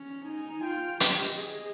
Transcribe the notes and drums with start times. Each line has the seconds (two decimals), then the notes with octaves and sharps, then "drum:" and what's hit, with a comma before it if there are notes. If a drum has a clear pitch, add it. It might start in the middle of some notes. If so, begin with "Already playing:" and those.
Already playing: C#4
0.25 D#4 G#5
0.62 F4 G5
1.00 G4 D#5, drum: hi-hat
1.38 G#4 D#5